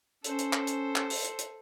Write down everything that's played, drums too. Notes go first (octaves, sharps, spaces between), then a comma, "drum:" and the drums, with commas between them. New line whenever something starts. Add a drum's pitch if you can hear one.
C#4 A4 C5, drum: hi-hat
drum: hi-hat
drum: clap
drum: hi-hat
drum: clap
drum: open hi-hat
drum: hi-hat
drum: hi-hat